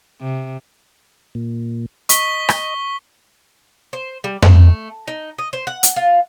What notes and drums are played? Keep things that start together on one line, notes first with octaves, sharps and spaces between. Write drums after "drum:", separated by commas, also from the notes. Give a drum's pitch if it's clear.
C3
A#2
D#5 C#6 B6 G7, drum: hi-hat
drum: rim click
C5
G3
A3, drum: tom F2
D#4
D#5
C5
F#5
drum: hi-hat
F4